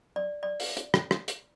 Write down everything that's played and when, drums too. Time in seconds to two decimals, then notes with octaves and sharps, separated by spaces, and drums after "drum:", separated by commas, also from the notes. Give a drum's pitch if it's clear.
0.16 D5
0.43 D5
0.60 drum: open hi-hat
0.77 drum: hi-hat
0.94 drum: rim click
1.11 drum: rim click
1.28 drum: hi-hat